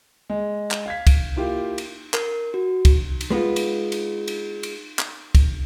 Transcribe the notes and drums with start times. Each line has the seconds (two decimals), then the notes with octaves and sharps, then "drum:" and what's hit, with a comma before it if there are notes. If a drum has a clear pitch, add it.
0.30 G#3
0.71 drum: clap
0.86 F5 G#6 B6
1.07 drum: kick C2, cymbal
1.36 A#3 E4 F4 G4
1.78 drum: cymbal
2.14 A#4, drum: clap
2.54 F#4
2.85 drum: kick C2, cymbal
3.21 drum: cymbal
3.30 G#3 B3 F4
3.56 drum: cymbal
3.92 drum: cymbal
4.28 drum: cymbal
4.63 drum: cymbal
4.99 drum: clap
5.35 drum: kick C2, cymbal